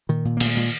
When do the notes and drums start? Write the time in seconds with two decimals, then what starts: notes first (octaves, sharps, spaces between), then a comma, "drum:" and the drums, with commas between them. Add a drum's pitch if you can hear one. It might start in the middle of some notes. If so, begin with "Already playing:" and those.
0.09 A#2 D#3
0.25 A#2
0.37 A#3
0.40 A#2, drum: cymbal
0.46 A3
0.55 A#2 G#3